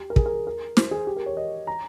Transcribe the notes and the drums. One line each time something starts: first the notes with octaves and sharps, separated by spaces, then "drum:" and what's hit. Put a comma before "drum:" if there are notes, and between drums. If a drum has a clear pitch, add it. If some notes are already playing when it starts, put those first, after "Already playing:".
Already playing: G4
A#4
G#4, drum: kick
A#4
A#4
C5, drum: snare
G#4
G4
A#4
C#5
D#5
A#5